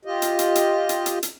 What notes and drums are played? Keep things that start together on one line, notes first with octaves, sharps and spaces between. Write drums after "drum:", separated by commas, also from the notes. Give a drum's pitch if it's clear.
F4 G4 D#5
drum: hi-hat
drum: hi-hat
drum: hi-hat
drum: hi-hat
drum: hi-hat
drum: hi-hat